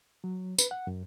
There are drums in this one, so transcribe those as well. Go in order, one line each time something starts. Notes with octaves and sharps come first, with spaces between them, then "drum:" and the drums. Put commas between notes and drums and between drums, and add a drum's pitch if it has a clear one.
F#3
B4, drum: tambourine
F#5
F#2